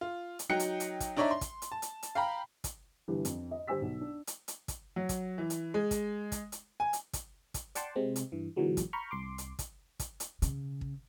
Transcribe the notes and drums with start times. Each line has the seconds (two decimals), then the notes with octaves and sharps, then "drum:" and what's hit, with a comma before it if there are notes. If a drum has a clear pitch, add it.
0.01 F4
0.39 drum: hi-hat
0.49 F#3 D#4 G5 F#6 C#7
0.60 drum: hi-hat
0.80 drum: hi-hat
1.00 drum: kick, hi-hat
1.17 D4 D#4 C#5 D5 E5 A#5
1.31 C6
1.41 drum: kick, hi-hat
1.62 drum: hi-hat
1.72 A5
1.82 drum: hi-hat
2.03 drum: hi-hat
2.15 F5 G5 A#5 B5
2.64 drum: kick, hi-hat
3.08 G1 G2 E3
3.25 F2, drum: hi-hat
3.51 D#5
3.67 D3 G3 C5 G#5 E6 B6
3.81 B1
4.01 D4
4.27 drum: hi-hat
4.48 drum: hi-hat
4.68 drum: kick, hi-hat
4.96 F#3
5.09 drum: kick, hi-hat
5.38 E3
5.50 drum: hi-hat
5.74 G#3
5.91 drum: kick, hi-hat
6.32 drum: kick, hi-hat
6.52 drum: hi-hat
6.80 G#5
6.93 drum: hi-hat
7.13 drum: kick, hi-hat
7.54 drum: kick, hi-hat
7.75 D5 F#5 G5 A5 C6, drum: hi-hat
7.96 C3 G#3 C4
8.16 drum: hi-hat
8.32 G2 E3
8.56 A#2 D3 E3 F#3 G#3
8.77 drum: kick, hi-hat
8.93 A#5 B5 C#6 F6 G6
9.11 C2 C6 D6
9.38 drum: hi-hat
9.59 drum: kick, hi-hat
9.99 drum: kick, hi-hat
10.20 drum: hi-hat
10.42 C#3, drum: hi-hat
10.81 drum: kick